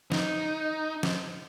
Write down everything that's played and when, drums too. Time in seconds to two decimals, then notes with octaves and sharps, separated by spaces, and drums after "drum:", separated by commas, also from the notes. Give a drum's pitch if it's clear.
0.12 D#4, drum: snare
1.03 drum: snare